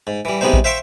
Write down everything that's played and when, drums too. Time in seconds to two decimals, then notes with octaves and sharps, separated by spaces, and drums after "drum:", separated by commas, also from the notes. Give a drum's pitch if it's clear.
0.07 G#2
0.25 E3 G3
0.41 C3 G3 G#3 B3 D#4 C5
0.53 drum: kick A#1
0.64 C5 E5 F5 G5 C6 C#6